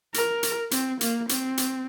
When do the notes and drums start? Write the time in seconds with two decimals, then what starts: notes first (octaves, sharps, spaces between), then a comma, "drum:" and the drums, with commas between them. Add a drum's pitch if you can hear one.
0.14 A#4, drum: hi-hat
0.43 drum: hi-hat
0.71 C4, drum: hi-hat
1.01 A#3, drum: hi-hat
1.29 C4, drum: hi-hat
1.57 drum: hi-hat